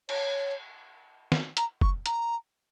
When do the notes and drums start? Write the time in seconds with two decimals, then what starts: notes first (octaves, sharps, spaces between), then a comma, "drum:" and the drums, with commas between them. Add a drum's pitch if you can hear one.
0.09 C#5, drum: cymbal
1.32 drum: snare
1.57 A#5, drum: hi-hat
1.81 C#6, drum: kick
2.06 A#5, drum: hi-hat